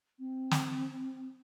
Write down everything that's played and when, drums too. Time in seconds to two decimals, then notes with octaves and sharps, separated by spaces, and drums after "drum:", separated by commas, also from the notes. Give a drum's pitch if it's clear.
0.19 C4
0.51 drum: snare